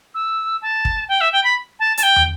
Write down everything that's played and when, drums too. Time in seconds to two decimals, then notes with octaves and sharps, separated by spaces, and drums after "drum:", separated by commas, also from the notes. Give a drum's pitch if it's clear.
0.14 E6
0.62 A5
0.85 drum: kick
1.08 G5
1.21 E5
1.32 G5
1.44 B5
1.80 A5
1.97 A5, drum: hi-hat
2.03 G5
2.16 drum: tom